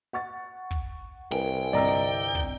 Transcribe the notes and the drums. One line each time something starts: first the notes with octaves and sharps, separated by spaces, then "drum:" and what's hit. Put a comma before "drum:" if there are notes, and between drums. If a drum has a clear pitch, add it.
F#5 C#6 A6
drum: kick
C2 A#4 B4 G5 G#5
G1 C3 D5 D#5 A#5 E6
drum: kick